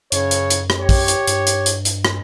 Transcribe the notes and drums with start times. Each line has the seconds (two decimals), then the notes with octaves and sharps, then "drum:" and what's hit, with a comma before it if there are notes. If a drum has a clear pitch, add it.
0.12 F#2 C#3 C#5, drum: hi-hat
0.31 drum: hi-hat
0.50 drum: hi-hat
0.70 drum: rim click
0.79 G4 C#5
0.89 drum: kick, open hi-hat
1.08 drum: hi-hat
1.27 G2, drum: hi-hat
1.47 drum: hi-hat
1.66 drum: hi-hat
1.85 drum: hi-hat
2.05 drum: rim click